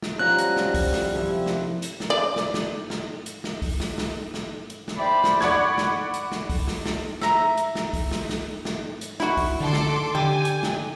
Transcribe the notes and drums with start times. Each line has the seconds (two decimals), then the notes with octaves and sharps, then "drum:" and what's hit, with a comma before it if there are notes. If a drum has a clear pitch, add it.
0.02 drum: snare
0.19 F3 G3 C#4 F#4 A#5 F#6
0.38 drum: hi-hat
0.56 drum: snare
0.74 drum: kick, open hi-hat
0.92 drum: snare
1.15 C3 F3 E4
1.46 drum: snare
1.82 drum: hi-hat
2.00 drum: snare
2.10 D5
2.36 drum: snare
2.54 drum: snare
2.90 drum: snare
3.26 drum: hi-hat
3.44 drum: snare
3.62 drum: kick, open hi-hat
3.80 drum: snare
3.98 drum: snare
4.34 drum: snare
4.70 drum: hi-hat
4.88 drum: snare
4.98 C5 D5 E5 G5 B5
5.24 drum: snare
5.41 D5 F#5 B5 C#6 G#6, drum: snare
5.78 drum: snare
6.14 drum: hi-hat
6.32 drum: snare
6.50 drum: kick, open hi-hat
6.68 drum: snare
6.86 drum: snare
7.21 E5 A#5, drum: snare
7.57 drum: hi-hat
7.75 drum: snare
7.93 drum: kick, open hi-hat
8.11 drum: snare
8.29 drum: snare
8.65 drum: snare
9.01 drum: hi-hat
9.20 E4 F#4, drum: snare
9.37 drum: kick, open hi-hat
9.60 D3 A4 C6 D6
9.73 drum: snare
10.15 D3 G4 G#5
10.45 drum: hi-hat
10.63 drum: snare